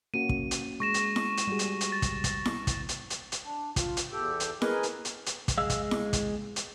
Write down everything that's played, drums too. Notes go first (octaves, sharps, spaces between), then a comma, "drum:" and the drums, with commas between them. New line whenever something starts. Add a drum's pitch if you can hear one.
A#3 C#4 F#4 D#7
drum: kick
drum: hi-hat
G#3 C#6 A#6 E7
drum: hi-hat
drum: snare E4
drum: hi-hat
G3 F#4 G#4
drum: hi-hat
drum: hi-hat
A6
drum: kick, hi-hat
drum: kick, hi-hat
drum: snare E4
drum: kick, hi-hat
drum: hi-hat
drum: hi-hat
drum: hi-hat
D4
F4, drum: kick, hi-hat
drum: hi-hat
E2 G4 A4 G5
drum: hi-hat
G#4 A#4 B4 D#5 G#5, drum: snare E4
drum: hi-hat
drum: hi-hat
drum: hi-hat
drum: kick, hi-hat
G#3 F5 E6
drum: kick, hi-hat
drum: snare E4
drum: kick, hi-hat
drum: hi-hat